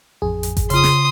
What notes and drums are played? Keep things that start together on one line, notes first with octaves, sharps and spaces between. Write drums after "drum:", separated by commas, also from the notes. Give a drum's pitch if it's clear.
A1 F2 G#4
drum: hi-hat
drum: kick G#1, hi-hat
C#3 F4 C6 D#6, drum: hi-hat
drum: snare